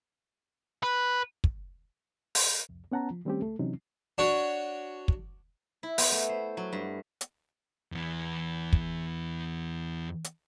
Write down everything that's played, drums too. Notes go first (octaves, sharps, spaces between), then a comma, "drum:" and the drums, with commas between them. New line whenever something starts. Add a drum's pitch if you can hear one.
B4
drum: kick
drum: open hi-hat
C2 F2
B3 C#4 F#5 A5 A#5
F3
D#3 G3 A3 C4 C#4 G4
C#2 A3 A4
C3 E3 F#3 C4 C#4 D#4
D4 F#4 C#5
drum: kick
E4
B3, drum: open hi-hat
A3
C5
F#3
G2
drum: hi-hat
E2 E3
drum: kick
drum: hi-hat